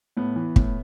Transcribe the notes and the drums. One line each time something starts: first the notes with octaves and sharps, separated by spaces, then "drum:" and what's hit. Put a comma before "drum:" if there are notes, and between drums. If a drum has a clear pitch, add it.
A2 B3
E3
A2, drum: kick